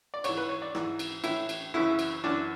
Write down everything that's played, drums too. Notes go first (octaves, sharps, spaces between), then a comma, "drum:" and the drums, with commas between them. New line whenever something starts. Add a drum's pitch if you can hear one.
D5
G#2 E3 C#5, drum: cymbal
B4
C#5
D5
G#2 E3, drum: rim click
drum: cymbal
A2 E3 E4, drum: cymbal
drum: cymbal
F#2 C#3 E3 E4
drum: cymbal
F#2 E3 D4